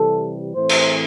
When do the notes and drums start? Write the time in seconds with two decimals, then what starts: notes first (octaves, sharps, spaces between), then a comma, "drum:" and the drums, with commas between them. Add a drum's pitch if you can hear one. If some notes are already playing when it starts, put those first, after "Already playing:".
Already playing: C3 E3 G3 A4
0.55 A2 E3 A3 C4 C5
0.69 drum: cymbal